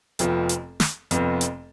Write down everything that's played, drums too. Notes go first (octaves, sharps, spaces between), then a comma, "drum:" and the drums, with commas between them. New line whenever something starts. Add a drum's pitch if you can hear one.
F1 F2 F3 B3, drum: hi-hat
drum: hi-hat
drum: snare
F1 F2 F3 B3, drum: hi-hat
drum: hi-hat